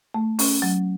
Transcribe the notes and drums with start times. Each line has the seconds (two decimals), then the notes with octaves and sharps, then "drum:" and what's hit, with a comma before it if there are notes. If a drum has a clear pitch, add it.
0.14 A3
0.39 C#4, drum: open hi-hat
0.62 F#3